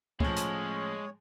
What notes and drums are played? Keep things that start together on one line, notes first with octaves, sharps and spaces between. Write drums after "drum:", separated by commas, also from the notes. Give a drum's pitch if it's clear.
A2 F3 G#3 C#4 C#5, drum: kick
drum: hi-hat